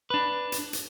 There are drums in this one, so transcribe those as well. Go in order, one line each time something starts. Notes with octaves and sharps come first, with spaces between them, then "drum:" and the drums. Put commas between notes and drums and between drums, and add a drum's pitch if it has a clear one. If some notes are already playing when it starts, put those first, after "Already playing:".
D4 B4
drum: hi-hat
drum: hi-hat